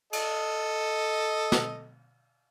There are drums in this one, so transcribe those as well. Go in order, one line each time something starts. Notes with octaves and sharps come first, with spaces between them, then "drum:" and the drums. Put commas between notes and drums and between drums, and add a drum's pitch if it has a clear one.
A4 D#5, drum: cymbal
drum: snare